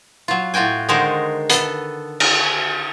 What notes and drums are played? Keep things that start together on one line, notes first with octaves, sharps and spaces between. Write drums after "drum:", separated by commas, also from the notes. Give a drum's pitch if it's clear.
F#3 F4
A2 F4 F#4 G5 G#5
D3 D#3 G#3 D#4 A#4 C5
B3 A4, drum: hi-hat
drum: cymbal